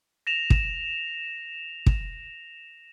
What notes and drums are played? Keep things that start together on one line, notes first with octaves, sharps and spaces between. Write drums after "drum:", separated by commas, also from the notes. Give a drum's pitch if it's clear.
A#6 E7 F7
drum: kick
drum: kick